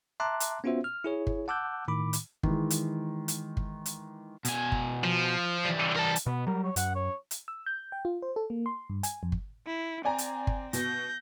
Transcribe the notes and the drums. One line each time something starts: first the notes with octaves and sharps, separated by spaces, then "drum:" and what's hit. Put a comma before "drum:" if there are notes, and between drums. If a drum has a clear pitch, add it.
E5 A5 A#5 C6 D6 F#6
drum: hi-hat
B3 C#4 F4 F#4 C5 E5
F6
E4 G#4 C#5
drum: kick G1
F#5 A5 D6 E6 F#6 G6
A2 D#3 B5 D6
drum: hi-hat
D#3 E3 G#3, drum: kick G1
drum: hi-hat
drum: hi-hat
drum: kick G1
drum: hi-hat
B2 G#5, drum: hi-hat
drum: kick G1
F3
E3 G3
A#4 A5
drum: hi-hat
B2 B3
F#3 G3 A#4
C#5
F#2 F#5, drum: hi-hat
C#5
drum: hi-hat
E6
G6
G5
F4
C5
A4
A#3
C6
G2
G#5, drum: hi-hat
F2
drum: kick G1
E4
C4 D5 G#5 A#5
drum: hi-hat
drum: kick G1
B2 G6 A#6, drum: hi-hat